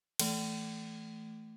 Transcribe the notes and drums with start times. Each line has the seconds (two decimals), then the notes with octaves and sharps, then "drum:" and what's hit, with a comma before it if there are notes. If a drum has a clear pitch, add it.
0.19 E3 A3, drum: cymbal